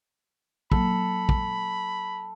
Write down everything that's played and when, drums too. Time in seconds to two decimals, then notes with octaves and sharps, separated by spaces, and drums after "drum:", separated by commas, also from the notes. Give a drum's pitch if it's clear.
0.72 F#3 A#3 A4 B5, drum: kick
1.29 drum: kick